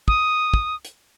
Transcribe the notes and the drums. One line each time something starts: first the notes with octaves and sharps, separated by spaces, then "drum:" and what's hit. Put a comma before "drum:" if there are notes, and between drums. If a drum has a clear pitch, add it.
D#6, drum: kick
drum: kick
drum: hi-hat